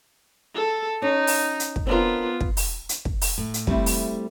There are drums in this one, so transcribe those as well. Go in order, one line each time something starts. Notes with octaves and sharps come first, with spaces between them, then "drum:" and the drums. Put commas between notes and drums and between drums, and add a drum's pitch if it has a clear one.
A4
C#4 D#4
drum: open hi-hat
drum: hi-hat
drum: kick
B3 C4 D4 F4 A#4
drum: kick
drum: open hi-hat
drum: hi-hat
drum: kick
drum: open hi-hat
A2
drum: hi-hat
G3 A3 C4 E4, drum: kick
drum: open hi-hat